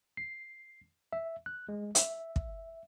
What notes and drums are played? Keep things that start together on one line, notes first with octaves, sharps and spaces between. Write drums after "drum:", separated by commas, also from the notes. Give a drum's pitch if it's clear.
C7
E5
F#6
G#3
E5, drum: hi-hat
drum: kick